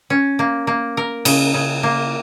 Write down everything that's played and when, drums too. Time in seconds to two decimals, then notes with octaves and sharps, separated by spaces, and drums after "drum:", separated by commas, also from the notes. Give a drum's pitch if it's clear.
0.10 C#4
0.39 A#3
0.67 A#3
0.97 A#4
1.25 C#3, drum: cymbal
1.54 C#3
1.83 A#3